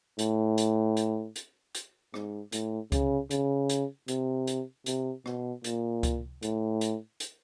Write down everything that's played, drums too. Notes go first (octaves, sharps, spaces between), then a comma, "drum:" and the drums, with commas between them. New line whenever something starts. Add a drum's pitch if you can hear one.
A2, drum: hi-hat
drum: hi-hat
drum: hi-hat
drum: hi-hat
drum: hi-hat
G#2, drum: rim click
A2, drum: hi-hat
C#3, drum: kick C#2, hi-hat
C#3, drum: hi-hat
drum: hi-hat
C3, drum: hi-hat
drum: hi-hat
C3, drum: hi-hat
B2, drum: rim click
A#2, drum: hi-hat
drum: kick C#2, hi-hat
A2, drum: hi-hat
drum: hi-hat
drum: hi-hat